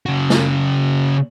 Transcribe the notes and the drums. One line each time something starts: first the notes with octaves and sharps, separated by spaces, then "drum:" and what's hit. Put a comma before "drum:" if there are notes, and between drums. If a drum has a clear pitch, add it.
C#3 F#4
drum: snare